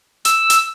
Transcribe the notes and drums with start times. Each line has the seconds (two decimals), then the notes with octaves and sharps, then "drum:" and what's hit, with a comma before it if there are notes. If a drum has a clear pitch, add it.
0.25 E6, drum: hi-hat
0.50 drum: hi-hat